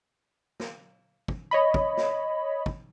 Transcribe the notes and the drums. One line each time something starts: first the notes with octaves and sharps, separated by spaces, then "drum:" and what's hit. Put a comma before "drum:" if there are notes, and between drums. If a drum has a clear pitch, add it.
drum: snare
drum: kick
C#5 D#5 B5
drum: kick
drum: snare
drum: kick